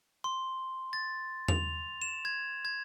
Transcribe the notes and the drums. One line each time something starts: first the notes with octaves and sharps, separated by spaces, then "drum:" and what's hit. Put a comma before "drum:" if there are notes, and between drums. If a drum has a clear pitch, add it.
C6
A6
F7, drum: tom E2
E7
G#6
G#6